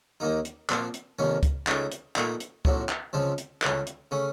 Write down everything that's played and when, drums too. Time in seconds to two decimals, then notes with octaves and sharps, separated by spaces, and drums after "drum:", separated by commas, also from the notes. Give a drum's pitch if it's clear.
0.20 D#2 D#3 A#3 D#4
0.45 drum: hi-hat
0.69 A#2 F3 C4, drum: clap
0.94 drum: hi-hat
1.19 F2 C3 D#3 A#3 C#4
1.43 drum: kick C#2, hi-hat
1.67 C#2 C#3 A3 D#4, drum: clap
1.92 drum: hi-hat
2.16 A#2 A3 D#4, drum: clap
2.40 drum: hi-hat
2.65 A#1 A2 F#3 C4, drum: kick C#2
2.89 drum: clap
3.13 C#2 C#3 F3 C4
3.38 drum: hi-hat
3.62 C#2 C#3 A3, drum: clap
3.87 drum: hi-hat
4.11 C#3 A3 C#4